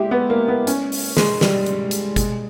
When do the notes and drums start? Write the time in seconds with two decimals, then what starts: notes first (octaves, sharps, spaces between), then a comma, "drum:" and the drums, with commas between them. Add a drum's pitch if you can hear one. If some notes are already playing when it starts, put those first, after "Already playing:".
Already playing: G#3 E4 G4
0.11 B3
0.30 A#3
0.48 B3
0.67 C#4, drum: hi-hat
0.92 drum: open hi-hat
1.17 G#3, drum: snare
1.41 G3, drum: snare
1.66 drum: hi-hat
1.91 drum: hi-hat
2.16 G#3, drum: kick, hi-hat